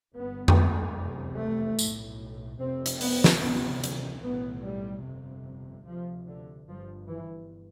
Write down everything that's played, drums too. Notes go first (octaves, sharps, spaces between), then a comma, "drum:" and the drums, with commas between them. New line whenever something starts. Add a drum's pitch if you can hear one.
G1 G2 B3
drum: tom F2
F1 E2 C3
A3
B1 A2, drum: tambourine
F1 F2 C3 C4
drum: hi-hat
B3, drum: open hi-hat
drum: snare
D2 C3 B3
drum: hi-hat
B1 A2 B3
G3
G1 F2 C3
D2 C3 F3
D3
G1 G2 F3
E3